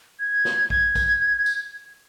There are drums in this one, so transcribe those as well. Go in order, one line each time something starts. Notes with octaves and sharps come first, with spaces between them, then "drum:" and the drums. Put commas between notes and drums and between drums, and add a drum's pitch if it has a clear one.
G#6
drum: snare
G#6, drum: kick A#1
drum: kick A#1, tambourine
drum: tambourine